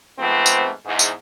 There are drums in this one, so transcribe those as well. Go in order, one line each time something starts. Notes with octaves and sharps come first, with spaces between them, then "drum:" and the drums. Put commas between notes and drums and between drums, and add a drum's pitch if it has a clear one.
G#2 F3 A3 B3 C4
drum: tambourine
E2 G#2
drum: tambourine